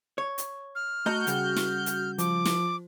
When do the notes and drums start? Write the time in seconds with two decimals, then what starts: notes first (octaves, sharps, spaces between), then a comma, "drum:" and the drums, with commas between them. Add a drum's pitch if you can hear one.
0.18 C#5
0.38 drum: hi-hat
0.75 F6
1.06 A3 F#4 D#5 A#5 G6
1.27 C#3 G3, drum: hi-hat
1.56 drum: snare
1.86 drum: hi-hat
2.18 F3 D6, drum: hi-hat
2.45 drum: snare